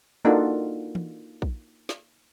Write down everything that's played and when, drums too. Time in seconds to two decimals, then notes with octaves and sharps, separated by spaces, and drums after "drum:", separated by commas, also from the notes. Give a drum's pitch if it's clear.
0.25 A#3 D4 D#4 F4 F#4 A4
0.95 drum: tom
1.42 drum: kick A#1
1.89 drum: snare